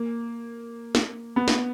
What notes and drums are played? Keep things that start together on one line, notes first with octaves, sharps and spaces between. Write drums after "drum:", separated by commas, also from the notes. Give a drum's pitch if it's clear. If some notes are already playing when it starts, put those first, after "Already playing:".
Already playing: A#3
drum: snare
B3
drum: snare